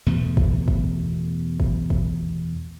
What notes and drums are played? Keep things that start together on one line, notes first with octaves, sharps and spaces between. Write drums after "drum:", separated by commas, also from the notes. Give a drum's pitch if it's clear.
E2 B2 A3
drum: kick
drum: kick
drum: kick
drum: kick